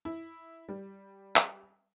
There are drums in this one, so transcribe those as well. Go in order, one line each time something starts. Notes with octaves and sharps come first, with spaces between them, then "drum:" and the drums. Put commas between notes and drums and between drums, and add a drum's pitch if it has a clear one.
E4
G3
drum: clap